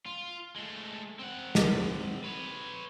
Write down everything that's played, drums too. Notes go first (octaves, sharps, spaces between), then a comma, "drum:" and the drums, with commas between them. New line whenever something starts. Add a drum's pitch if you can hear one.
F4
G#3 A3
C4 F#5
drum: snare
B4 C#5